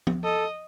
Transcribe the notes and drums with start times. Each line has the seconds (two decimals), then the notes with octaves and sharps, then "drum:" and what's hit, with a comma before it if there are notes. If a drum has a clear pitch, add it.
0.07 drum: tom F3
0.24 A4 D#5